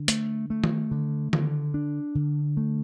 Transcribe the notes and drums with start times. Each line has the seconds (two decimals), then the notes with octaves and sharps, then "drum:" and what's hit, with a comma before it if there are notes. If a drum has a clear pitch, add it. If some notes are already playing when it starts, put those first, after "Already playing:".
Already playing: D3
0.08 A3, drum: hi-hat
0.50 A3
0.64 drum: tom D#3
0.91 D3
1.33 D3, drum: tom D#3
1.74 D4
2.15 D3
2.57 A3